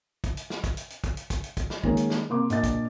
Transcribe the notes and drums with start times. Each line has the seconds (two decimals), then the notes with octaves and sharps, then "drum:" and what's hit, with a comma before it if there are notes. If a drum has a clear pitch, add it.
0.24 drum: kick, hi-hat
0.37 drum: hi-hat
0.50 drum: snare
0.64 drum: kick, hi-hat
0.77 drum: hi-hat
0.90 drum: hi-hat
1.04 drum: kick, hi-hat
1.17 drum: hi-hat
1.30 drum: kick, hi-hat
1.44 drum: hi-hat
1.57 drum: kick, hi-hat
1.70 drum: snare
1.84 D#3 G#3 A#3 C#4, drum: kick
1.97 drum: hi-hat
2.10 drum: snare
2.29 C3 A#3 C6 D6
2.50 A#2 D4 D#5 A6, drum: hi-hat
2.63 drum: kick, hi-hat